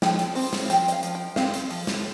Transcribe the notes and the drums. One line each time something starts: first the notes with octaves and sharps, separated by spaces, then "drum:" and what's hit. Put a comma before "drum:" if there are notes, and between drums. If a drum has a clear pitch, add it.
F3 G5, drum: snare
drum: hi-hat
C4, drum: open hi-hat
drum: snare
F5
F3 G5, drum: hi-hat
D#5, drum: hi-hat
F5
F3, drum: hi-hat
G5
C4 F5, drum: snare
drum: hi-hat
F3, drum: open hi-hat
drum: snare